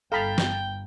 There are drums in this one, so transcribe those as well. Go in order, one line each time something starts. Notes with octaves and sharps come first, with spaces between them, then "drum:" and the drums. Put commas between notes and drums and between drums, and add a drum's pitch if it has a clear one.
G1 A4 F5 G5 A#5 B5 A6
drum: snare